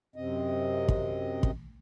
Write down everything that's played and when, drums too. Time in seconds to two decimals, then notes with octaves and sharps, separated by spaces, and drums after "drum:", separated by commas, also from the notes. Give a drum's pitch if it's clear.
0.16 F#2 C3 C4 D#5
0.88 drum: kick
1.43 drum: kick